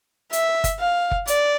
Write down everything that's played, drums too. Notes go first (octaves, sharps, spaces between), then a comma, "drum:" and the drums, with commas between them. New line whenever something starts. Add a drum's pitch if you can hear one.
E5, drum: hi-hat
drum: kick, hi-hat
F5
drum: kick
D5, drum: hi-hat